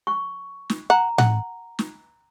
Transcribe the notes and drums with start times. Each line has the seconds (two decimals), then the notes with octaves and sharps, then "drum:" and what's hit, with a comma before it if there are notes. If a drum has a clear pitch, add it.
0.07 C#6
0.70 drum: snare
0.90 F#5 A#5
1.18 F#5, drum: tom A2
1.79 drum: snare